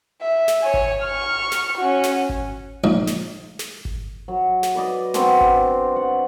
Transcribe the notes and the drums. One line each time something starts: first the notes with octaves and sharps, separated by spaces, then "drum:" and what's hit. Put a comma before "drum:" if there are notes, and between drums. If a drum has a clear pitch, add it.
E5
drum: snare
C#5 G#5
drum: kick G#1
C#6 F6
drum: snare
C#4 F#4
drum: snare
drum: kick G#1
A#1 G#2
drum: snare
drum: snare
drum: kick G#1
F#3
drum: snare
B4 D5 D#5
B3 C4 D4 F#4, drum: snare
drum: kick G#1
F#5